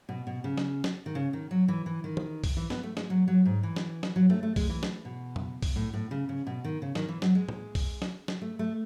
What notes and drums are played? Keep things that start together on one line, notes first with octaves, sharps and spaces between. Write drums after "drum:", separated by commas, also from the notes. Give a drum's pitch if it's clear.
B2
B2
C#3
drum: snare
drum: snare
D#3
C#3
D#3
F#3
E3
E3
D#3
drum: tom
drum: kick B1, open hi-hat
E3
B3, drum: snare
A3
G#3, drum: snare
F#3
F#3
G#2
E3
drum: snare
drum: snare
F#3
A3, drum: tom F#3
A3
G#3, drum: kick B1, open hi-hat
E3
drum: snare
B2
drum: tom
drum: kick B1, open hi-hat
A2
A2
C#3
C#3
B2
D#3
C#3
D#3, drum: snare
E3
F#3, drum: snare
G#3
drum: tom
drum: kick B1, open hi-hat
drum: snare
drum: snare
A3
A3